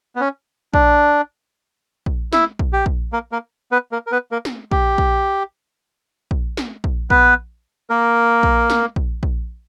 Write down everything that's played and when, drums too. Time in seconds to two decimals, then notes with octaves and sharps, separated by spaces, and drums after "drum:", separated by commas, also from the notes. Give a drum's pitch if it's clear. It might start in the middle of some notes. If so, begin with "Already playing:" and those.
0.16 B3
0.21 C#4
0.74 D4, drum: kick A#1
2.06 drum: kick A#1
2.33 E4, drum: snare
2.59 drum: kick A#1
2.73 G4
2.86 drum: kick A#1
3.12 A#3 A#4
3.32 A#3 A#4
3.72 B3 B4
3.92 A#3 A#4
4.07 A#4
4.12 B3 B4
4.31 A#3 A#4
4.45 drum: snare
4.71 G4, drum: kick A#1
4.98 drum: kick A#1
6.31 drum: kick A#1
6.57 drum: snare
6.84 drum: kick A#1
7.10 B3 B4, drum: kick A#1
7.90 A#3 A#4
8.43 drum: kick A#1
8.70 drum: snare
8.96 drum: kick A#1
9.23 drum: kick A#1